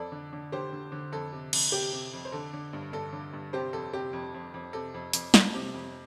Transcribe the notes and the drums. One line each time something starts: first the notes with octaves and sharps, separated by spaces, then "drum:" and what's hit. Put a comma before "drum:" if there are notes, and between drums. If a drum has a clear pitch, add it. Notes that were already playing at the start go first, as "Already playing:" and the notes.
Already playing: F2 A4 D5
D3
D3
D3 G4 C5
D3
D3
F2 A4
C3
F2, drum: cymbal
C3 G4
C3
F2
C5
D3 A4
D3
G2
G2 A4
D3
G2
C3 G4 C5
F2 A4
C3 G4
F2
F2
F2
C3 A4
F2
F2, drum: hi-hat
F2, drum: snare
C3
F2